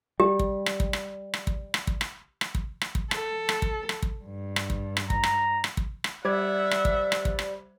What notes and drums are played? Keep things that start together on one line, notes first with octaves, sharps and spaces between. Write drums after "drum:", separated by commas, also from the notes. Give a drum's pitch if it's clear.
G3 G4
drum: kick
drum: rim click
drum: kick
drum: rim click
drum: rim click
drum: kick
drum: rim click
drum: kick
drum: rim click
drum: rim click
drum: kick
drum: rim click
drum: kick
A4, drum: rim click
drum: rim click
drum: kick
drum: rim click
drum: kick
G2
drum: rim click
drum: kick
drum: rim click
A#5, drum: kick
drum: rim click
drum: rim click
drum: kick
drum: rim click
G3 C5 D5 E5 F#5 D6 G#6
drum: rim click
drum: kick
drum: rim click
drum: kick
drum: rim click